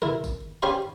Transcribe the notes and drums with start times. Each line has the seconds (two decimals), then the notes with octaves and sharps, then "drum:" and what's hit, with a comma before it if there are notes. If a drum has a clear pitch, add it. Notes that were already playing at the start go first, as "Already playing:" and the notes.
0.02 E4 A#4, drum: tom
0.24 drum: kick G1, tambourine
0.62 C#4 G4 C5 F5 B5